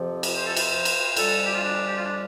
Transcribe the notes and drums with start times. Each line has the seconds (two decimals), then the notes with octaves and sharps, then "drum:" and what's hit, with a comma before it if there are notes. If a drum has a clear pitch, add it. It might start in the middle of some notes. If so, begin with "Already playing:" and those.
Already playing: F2 C3 F3
0.23 drum: cymbal
0.35 C5
0.46 A4
0.57 C5, drum: cymbal
0.85 drum: cymbal
1.16 F2 D3 G3 A4, drum: cymbal
1.43 G4
1.54 F4
1.63 D4
1.86 G4
1.95 F4
2.05 D4